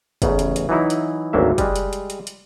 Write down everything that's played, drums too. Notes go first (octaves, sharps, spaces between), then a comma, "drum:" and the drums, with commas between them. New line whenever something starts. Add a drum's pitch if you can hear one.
A1 E2 C#3, drum: kick, hi-hat
drum: hi-hat
drum: hi-hat
E3 F#3 D#4 E4
drum: hi-hat
G#1 D2 F#3 A#3 E5
G3 G#3, drum: kick, hi-hat
drum: hi-hat
drum: hi-hat
drum: hi-hat
drum: hi-hat